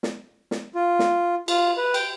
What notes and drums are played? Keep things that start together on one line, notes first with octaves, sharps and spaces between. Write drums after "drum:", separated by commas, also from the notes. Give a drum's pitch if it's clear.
drum: snare
drum: snare
F4
drum: snare
F4, drum: cymbal
B4
G5, drum: cymbal